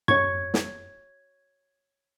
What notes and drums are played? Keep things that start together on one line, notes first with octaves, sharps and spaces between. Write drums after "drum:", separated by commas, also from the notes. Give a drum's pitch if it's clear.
C#5 C#6 G#6, drum: tom F#2
drum: snare